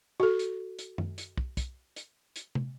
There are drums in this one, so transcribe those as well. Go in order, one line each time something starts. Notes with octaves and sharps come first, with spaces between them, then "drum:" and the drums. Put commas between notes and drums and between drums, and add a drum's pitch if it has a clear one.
F#4 A4
drum: hi-hat
drum: hi-hat
drum: tom F#2
drum: hi-hat
drum: kick
drum: kick, hi-hat
drum: hi-hat
drum: hi-hat
drum: tom C3